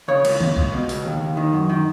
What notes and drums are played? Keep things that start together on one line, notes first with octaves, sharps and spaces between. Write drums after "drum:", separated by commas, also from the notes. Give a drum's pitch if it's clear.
C#3 C#5
C#2, drum: cymbal
C#2, drum: tom D#3
C#2, drum: kick B1
B2
C#2, drum: open hi-hat
D#2
D#2
D#3
F#2
D#3